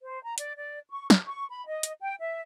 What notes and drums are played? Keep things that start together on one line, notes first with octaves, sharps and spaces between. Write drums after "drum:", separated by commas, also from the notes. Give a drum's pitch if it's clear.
C5
A#5
D5, drum: hi-hat
D5
C#6
F6, drum: snare
C#6
B5
D#5
drum: hi-hat
G5
E5